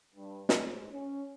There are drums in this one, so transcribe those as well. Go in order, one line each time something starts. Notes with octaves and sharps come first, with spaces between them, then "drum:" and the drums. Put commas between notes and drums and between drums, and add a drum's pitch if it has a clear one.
G2
G#2, drum: snare
C#4